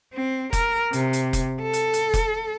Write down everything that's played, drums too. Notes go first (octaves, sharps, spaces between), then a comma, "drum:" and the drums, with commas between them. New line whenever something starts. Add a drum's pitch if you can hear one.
C4
A#4, drum: kick F1, hi-hat
C3, drum: hi-hat
drum: hi-hat
drum: kick F1, hi-hat
A4
drum: hi-hat
drum: hi-hat
drum: kick F1, hi-hat